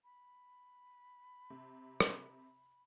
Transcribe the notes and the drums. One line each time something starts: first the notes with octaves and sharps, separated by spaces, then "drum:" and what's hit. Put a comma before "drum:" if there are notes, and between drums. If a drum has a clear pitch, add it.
B5
C3
drum: rim click